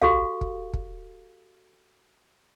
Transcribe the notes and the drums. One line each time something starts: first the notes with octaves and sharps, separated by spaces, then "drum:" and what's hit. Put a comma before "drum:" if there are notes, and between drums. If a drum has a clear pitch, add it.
F#4 G4 A4 F5, drum: tom
drum: kick
drum: kick